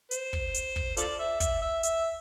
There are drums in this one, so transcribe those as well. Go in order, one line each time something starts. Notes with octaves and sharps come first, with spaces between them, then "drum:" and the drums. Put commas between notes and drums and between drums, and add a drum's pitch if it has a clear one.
C5, drum: hi-hat
drum: kick
drum: hi-hat
drum: kick
F4 A4 D5, drum: hi-hat
E5
E5, drum: kick, hi-hat
E5
E5, drum: hi-hat